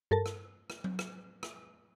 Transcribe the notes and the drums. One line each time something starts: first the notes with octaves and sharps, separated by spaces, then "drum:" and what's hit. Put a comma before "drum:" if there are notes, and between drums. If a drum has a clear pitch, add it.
G2 A4 A#4 A5
drum: rim click
drum: rim click
drum: tom F#3
drum: rim click
drum: rim click